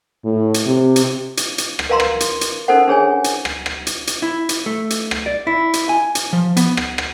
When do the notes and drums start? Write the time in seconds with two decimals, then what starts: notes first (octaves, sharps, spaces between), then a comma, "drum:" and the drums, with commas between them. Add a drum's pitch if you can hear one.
0.25 A2
0.54 drum: hi-hat
0.67 C3
0.96 drum: hi-hat
1.37 drum: hi-hat
1.58 drum: hi-hat
1.79 drum: rim click
1.89 A#4 B4 F5 A#5 C6
2.00 drum: rim click
2.20 drum: hi-hat
2.41 drum: hi-hat
2.68 C#4 D#4 A4 A#4 C5 F#5
2.88 D4 G#4 C#5 G#5
3.24 drum: hi-hat
3.45 drum: rim click
3.66 drum: rim click
3.87 drum: hi-hat
4.07 drum: hi-hat
4.22 E4
4.49 drum: hi-hat
4.66 A3
4.90 drum: hi-hat
5.11 drum: rim click
5.26 D5
5.47 E4
5.73 drum: hi-hat
5.89 G#5
6.15 drum: hi-hat
6.33 F3
6.57 B3, drum: hi-hat
6.77 drum: rim click
6.98 drum: rim click